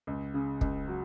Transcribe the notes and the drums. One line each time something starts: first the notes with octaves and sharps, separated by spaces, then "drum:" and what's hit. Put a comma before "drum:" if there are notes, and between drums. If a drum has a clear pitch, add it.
C#2
C#3
C#2, drum: kick
F#3